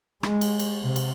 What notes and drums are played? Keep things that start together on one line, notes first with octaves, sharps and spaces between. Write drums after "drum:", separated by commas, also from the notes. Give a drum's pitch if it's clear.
G#3, drum: rim click
drum: cymbal
drum: cymbal
C3
drum: cymbal